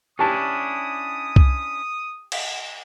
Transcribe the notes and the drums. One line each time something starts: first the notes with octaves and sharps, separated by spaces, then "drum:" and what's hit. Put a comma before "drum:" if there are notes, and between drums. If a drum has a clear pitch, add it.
C#4 D4 E4 G4 A5 D#6
drum: kick C2
drum: cymbal